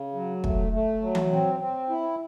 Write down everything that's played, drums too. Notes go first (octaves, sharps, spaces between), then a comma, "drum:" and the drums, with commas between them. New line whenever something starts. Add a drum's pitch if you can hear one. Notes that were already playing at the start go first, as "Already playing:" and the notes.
Already playing: C#3
F#3
A3, drum: kick
A3
F#3
drum: tom E3
C4
C4
E4